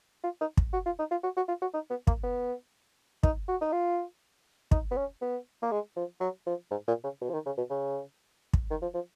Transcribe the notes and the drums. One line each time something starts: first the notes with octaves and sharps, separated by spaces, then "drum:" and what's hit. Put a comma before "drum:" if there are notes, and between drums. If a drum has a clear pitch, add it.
F4
D#4
drum: kick
F#4
F4
D#4
F4
F#4
F#4
F4
F#4
D#4
B3
A#3, drum: kick
B3
D#4, drum: kick
F#4
D#4
F4
D#4, drum: kick
B3
C#4
B3
A#3
G#3
F3
F#3
F3
G#2
A#2
C#3
B2
F3
D#3
C#3
B2
C#3
drum: kick
D#3
F3
F3